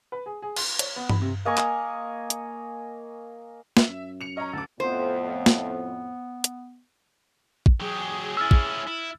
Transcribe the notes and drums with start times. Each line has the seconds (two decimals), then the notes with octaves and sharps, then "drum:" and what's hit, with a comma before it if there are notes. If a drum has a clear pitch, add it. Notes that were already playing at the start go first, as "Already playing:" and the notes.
0.12 B4
0.26 G#4
0.42 G#4
0.56 C6, drum: cymbal
0.79 C#5, drum: hi-hat
0.96 B3
1.09 B5, drum: tom G2
1.22 C3
1.45 A#3 D#5 G#5 C#6
1.57 drum: clap
2.30 drum: hi-hat
3.77 E5, drum: snare
3.88 F#2
4.21 C#7 F7
4.37 C#4 D#5 A#5
4.53 D2 A4 D6
4.80 F2 A2 B3 C5
5.46 drum: snare
6.44 drum: hi-hat
7.66 drum: kick
7.80 F#3 G4 G#4
8.37 C#4 E4 E6 F6 A6
8.51 drum: kick
8.88 E4